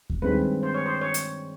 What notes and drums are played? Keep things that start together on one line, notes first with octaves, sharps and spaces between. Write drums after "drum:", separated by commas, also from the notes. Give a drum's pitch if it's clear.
drum: kick D#2
G2 D#3 G#3 C4 B4
C5
C#5
C5
C#5
drum: hi-hat